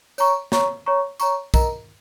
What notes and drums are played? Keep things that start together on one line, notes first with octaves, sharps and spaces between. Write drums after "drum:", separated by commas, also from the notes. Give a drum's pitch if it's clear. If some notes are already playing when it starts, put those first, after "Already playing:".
C#5 A#5 C#6, drum: tambourine
C#5 A#5 C#6, drum: snare
C#5 A#5 C#6
C#5 A#5 C#6, drum: tambourine
A#4 D#5 A#5, drum: kick, tambourine